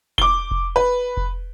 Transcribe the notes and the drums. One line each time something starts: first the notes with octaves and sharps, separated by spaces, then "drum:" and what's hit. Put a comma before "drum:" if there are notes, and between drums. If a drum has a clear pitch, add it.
D6 G7, drum: kick F1
drum: kick F1
B4
drum: kick F1